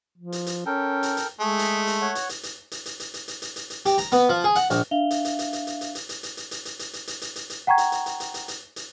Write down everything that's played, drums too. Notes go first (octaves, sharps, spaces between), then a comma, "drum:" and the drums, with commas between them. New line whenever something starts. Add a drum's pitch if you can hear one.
F3
drum: hi-hat
drum: hi-hat
C#4 A4 A#4 G5
drum: hi-hat
drum: hi-hat
G#3 A3 G#4
drum: hi-hat
drum: hi-hat
C#5 F#5
drum: hi-hat
drum: hi-hat
drum: hi-hat
drum: hi-hat
drum: hi-hat
drum: hi-hat
drum: hi-hat
drum: hi-hat
drum: hi-hat
drum: hi-hat
drum: hi-hat
G4, drum: hi-hat
A#5, drum: hi-hat
B3, drum: hi-hat
F3
G#4
F#5, drum: hi-hat
A#1, drum: hi-hat
D4 E5 F5 F7 G7
drum: hi-hat
drum: hi-hat
drum: hi-hat
drum: hi-hat
drum: hi-hat
drum: hi-hat
drum: hi-hat
drum: hi-hat
drum: hi-hat
drum: hi-hat
drum: hi-hat
drum: hi-hat
drum: hi-hat
drum: hi-hat
drum: hi-hat
drum: hi-hat
drum: hi-hat
drum: hi-hat
F#5 G5 A#5 C#6 G#6
drum: hi-hat
drum: hi-hat
drum: hi-hat
drum: hi-hat
drum: hi-hat
drum: hi-hat
drum: hi-hat